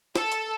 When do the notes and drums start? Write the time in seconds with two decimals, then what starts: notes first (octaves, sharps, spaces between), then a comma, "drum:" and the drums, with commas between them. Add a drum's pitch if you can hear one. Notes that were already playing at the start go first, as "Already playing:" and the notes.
0.16 A4, drum: snare
0.32 drum: hi-hat